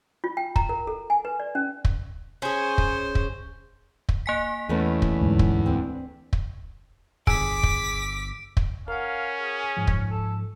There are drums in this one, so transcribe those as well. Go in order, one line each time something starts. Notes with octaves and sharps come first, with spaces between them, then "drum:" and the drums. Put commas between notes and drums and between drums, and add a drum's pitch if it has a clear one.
F4
G5
A#5, drum: kick
A#4
A4
G#5
B4
D5
C#4
drum: kick
C#4 G#4 C5
drum: kick
drum: kick
drum: kick
A#3 G#5 B6
E2 A3 C#4 B4
drum: kick
D2 G#2
drum: kick
C4 D4
drum: kick
G1 G#4 G#5 D6 E6 B6 D7, drum: kick
drum: kick
drum: kick
C#4 A#4 F5 F#5
G#4
G#2 F3
drum: kick
A4